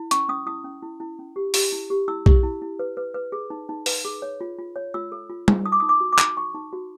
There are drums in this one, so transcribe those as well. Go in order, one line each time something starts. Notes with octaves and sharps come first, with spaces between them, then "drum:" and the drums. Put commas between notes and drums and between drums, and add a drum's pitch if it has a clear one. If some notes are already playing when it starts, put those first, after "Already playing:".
Already playing: E4
C#4 C#6, drum: hi-hat
C#4 D#6
E4 D#6
C#4
E4
E4
C#4
G4
G4, drum: open hi-hat
E4
G4
E4 E6
G4, drum: kick B1
E4
E4
B4
B4
B4
G#4
D#4
D#4
B4, drum: open hi-hat
G#4
C#5
F4
F4
C#5
F4 E6
A4
F4
F4, drum: tom G3
D#4 D#6
D6
D#4 D#6
D6
F#4
D6
D#4, drum: clap
D#4 C#6
D#4
F#4